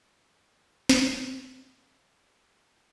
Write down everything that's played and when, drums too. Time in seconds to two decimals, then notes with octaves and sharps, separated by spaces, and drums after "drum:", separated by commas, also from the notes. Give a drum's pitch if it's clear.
0.04 G#4 C#5 F#5
0.89 drum: snare